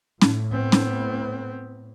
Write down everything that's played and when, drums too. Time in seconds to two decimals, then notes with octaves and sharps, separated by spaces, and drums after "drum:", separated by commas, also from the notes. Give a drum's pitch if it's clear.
0.21 A2, drum: snare C#4
0.52 B3 C4
0.72 drum: snare C#4